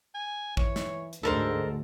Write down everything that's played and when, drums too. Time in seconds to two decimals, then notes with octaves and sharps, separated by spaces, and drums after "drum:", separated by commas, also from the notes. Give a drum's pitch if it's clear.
0.15 G#5
0.57 E3 C#5, drum: kick
0.76 drum: snare
1.13 drum: hi-hat
1.23 D2 G#2 G#3 D4 A4 A#4 C5